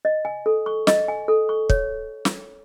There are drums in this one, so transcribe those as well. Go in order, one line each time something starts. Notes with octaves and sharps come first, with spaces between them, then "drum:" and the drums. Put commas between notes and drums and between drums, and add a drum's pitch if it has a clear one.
D#5
G#5
A4
C#6
D#5, drum: snare
G#5
A4
C#6
C#5, drum: kick
drum: snare